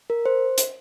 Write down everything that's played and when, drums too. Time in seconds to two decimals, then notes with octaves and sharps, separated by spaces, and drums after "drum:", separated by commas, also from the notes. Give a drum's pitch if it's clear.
0.10 A#4
0.26 C5
0.58 drum: hi-hat